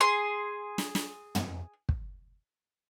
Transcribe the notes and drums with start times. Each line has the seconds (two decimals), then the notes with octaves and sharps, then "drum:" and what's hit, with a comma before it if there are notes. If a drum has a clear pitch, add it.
0.01 G#4 C6
0.78 drum: snare
0.95 drum: snare
1.35 drum: tom
1.89 drum: kick